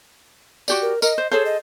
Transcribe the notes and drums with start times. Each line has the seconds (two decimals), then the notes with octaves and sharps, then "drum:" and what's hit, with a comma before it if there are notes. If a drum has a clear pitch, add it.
0.68 F#4 G4 D5, drum: tambourine
0.82 A#4
1.02 A#4 D#5, drum: tambourine
1.18 C5
1.31 G#4 A4 C5 C#5
1.45 D#5